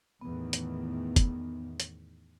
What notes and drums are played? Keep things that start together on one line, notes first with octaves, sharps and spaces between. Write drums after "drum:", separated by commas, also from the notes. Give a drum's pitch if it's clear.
E2 A2 D#3 B3
drum: hi-hat
drum: kick, hi-hat
drum: hi-hat